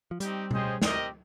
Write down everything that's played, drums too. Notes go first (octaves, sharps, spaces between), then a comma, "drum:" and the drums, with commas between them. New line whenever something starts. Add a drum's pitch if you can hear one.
F3
G3 C4 D#4 G4, drum: hi-hat
C#4 G#4 C5 D#5 G5, drum: tom B2
C4 G4 A#4 D#5, drum: snare